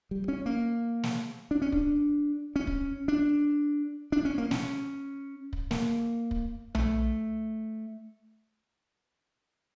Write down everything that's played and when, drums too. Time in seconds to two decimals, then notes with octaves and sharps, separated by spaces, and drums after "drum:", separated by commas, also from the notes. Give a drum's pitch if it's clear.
0.11 G3
0.28 C#4
0.46 A#3
1.03 drum: snare
1.51 D4
1.62 C#4
1.72 D4, drum: kick
2.56 C#4
2.67 drum: kick
3.08 D4
4.12 D4
4.25 C#4
4.38 A#3
4.51 C#4, drum: snare
5.53 drum: kick
5.71 A#3, drum: snare
6.31 drum: kick
6.75 A3, drum: tom B1